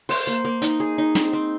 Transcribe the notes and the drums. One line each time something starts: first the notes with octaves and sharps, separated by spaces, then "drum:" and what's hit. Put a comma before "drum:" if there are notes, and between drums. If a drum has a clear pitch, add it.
C5, drum: open hi-hat
A#3
A#3
D#4, drum: hi-hat
G#4
D#4
C4, drum: snare
C4